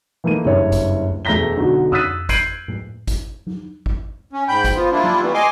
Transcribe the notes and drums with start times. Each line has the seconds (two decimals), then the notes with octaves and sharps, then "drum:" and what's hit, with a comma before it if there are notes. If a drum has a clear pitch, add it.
0.24 E3 A3 A#3 D#4 D#7
0.45 F#1 G2 C#5
0.72 drum: kick, hi-hat
1.11 drum: tom F2
1.25 E1 A3 A#5 A#6 B6 G7
1.56 B1 D3 D#4 F#4
1.92 D#6 E6 F#6 A6 B6 D#7, drum: tom F2
2.29 G6 G#6 C7 D7 D#7 F#7, drum: kick, hi-hat
2.68 drum: tom A2
3.07 drum: kick, hi-hat
3.47 drum: tom F#3
3.86 drum: kick
4.33 C#4
4.48 G#2 G5 B5 G6
4.64 drum: kick, hi-hat
4.75 F3 B3 F4
4.92 G3 A#3 D4 E4 F4
5.04 drum: tom F#3
5.22 E3 G3 A3 B3
5.34 D#5 G#5 C6 D6